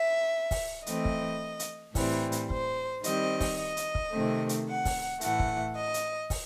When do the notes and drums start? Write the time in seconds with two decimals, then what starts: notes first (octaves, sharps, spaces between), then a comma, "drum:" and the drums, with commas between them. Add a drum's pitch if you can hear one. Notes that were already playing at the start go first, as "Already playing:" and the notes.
Already playing: E5
0.51 drum: kick, open hi-hat
0.86 E3 A3 C4 D#5, drum: hi-hat
1.05 drum: kick
1.59 drum: hi-hat
1.95 A2 E3 G3 C4, drum: kick, open hi-hat
2.32 drum: hi-hat
2.50 C5, drum: kick
3.04 D#3 G3 C4 D#5, drum: hi-hat
3.40 drum: kick, open hi-hat
3.58 D#5
3.77 drum: hi-hat
3.95 drum: kick
4.12 C3 D#3 A3 C4
4.49 drum: hi-hat
4.68 F#5
4.85 drum: kick, open hi-hat
5.21 A2 E3 A3 F#5, drum: hi-hat
5.40 drum: kick
5.76 D#5
5.94 drum: hi-hat
6.30 drum: kick, open hi-hat